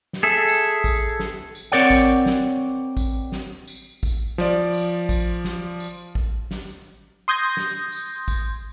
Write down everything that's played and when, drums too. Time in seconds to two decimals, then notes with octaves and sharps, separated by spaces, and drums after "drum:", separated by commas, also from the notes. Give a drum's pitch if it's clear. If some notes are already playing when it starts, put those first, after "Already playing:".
0.13 drum: snare
0.23 G#4 A4 E5
0.49 drum: tambourine
0.84 drum: kick A1, tambourine
1.20 drum: snare
1.55 drum: tambourine
1.72 C4 A#4 C#5 D5 F#5
1.90 drum: kick A1, tambourine
2.26 drum: snare
2.97 drum: kick A1, tambourine
3.32 drum: snare
3.67 drum: tambourine
4.03 drum: kick A1, tambourine
4.38 F3 D5, drum: snare
4.74 drum: tambourine
5.09 drum: kick A1, tambourine
5.44 drum: snare
5.80 drum: tambourine
6.15 drum: kick A1
6.51 drum: snare
7.28 C6 D#6 G6 G#6 A#6
7.57 drum: snare
7.92 drum: tambourine
8.28 drum: kick A1, tambourine